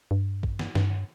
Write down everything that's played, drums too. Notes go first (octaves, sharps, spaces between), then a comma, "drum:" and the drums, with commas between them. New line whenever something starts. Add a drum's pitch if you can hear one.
G2
drum: kick
drum: snare
G2, drum: snare